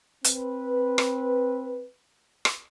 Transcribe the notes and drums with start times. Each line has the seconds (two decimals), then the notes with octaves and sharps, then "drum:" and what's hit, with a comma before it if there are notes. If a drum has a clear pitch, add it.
0.24 C4 B4, drum: hi-hat
0.98 drum: rim click
2.45 drum: rim click